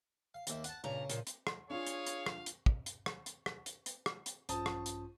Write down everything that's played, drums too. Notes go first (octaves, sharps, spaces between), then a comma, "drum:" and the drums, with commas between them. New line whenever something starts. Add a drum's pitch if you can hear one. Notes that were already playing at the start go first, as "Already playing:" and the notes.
F5
D#2 A#3 E5, drum: hi-hat
F#5 A5, drum: hi-hat
G2 A#2 C#3 A#5
A#2 F3, drum: hi-hat
drum: hi-hat
drum: rim click
D4 F4 G#4 C#5 F5
drum: hi-hat
drum: hi-hat
drum: rim click
drum: hi-hat
drum: kick
drum: hi-hat
drum: rim click
drum: hi-hat
drum: rim click
drum: hi-hat
drum: hi-hat
drum: rim click
drum: hi-hat
A#1 G2 F3 C#4 A5 D#6, drum: hi-hat
drum: rim click
drum: hi-hat